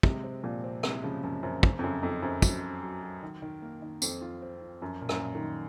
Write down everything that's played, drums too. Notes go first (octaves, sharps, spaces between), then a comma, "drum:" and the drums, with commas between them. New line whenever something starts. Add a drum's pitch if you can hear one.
C3 G#3, drum: kick
C4
A#2 F3
C4
C3 G#3, drum: rim click
C#3 F3
F#2 F3
F#2 C4
F#2 C#3, drum: kick
F2
F#2 C#3
F2 D#4
F#2 C4
F#3, drum: kick, tambourine
F#3
F#3
F#3
D#3
D#3
A#3
D#3
F2 C4, drum: tambourine
F4
C4
F4
F#2 F3
A#2
F#2, drum: rim click
A#2
D#3
D#4